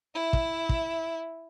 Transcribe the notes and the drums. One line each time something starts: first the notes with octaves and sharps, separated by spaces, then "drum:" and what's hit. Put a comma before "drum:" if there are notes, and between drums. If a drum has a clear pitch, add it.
E4 E5
drum: kick
drum: kick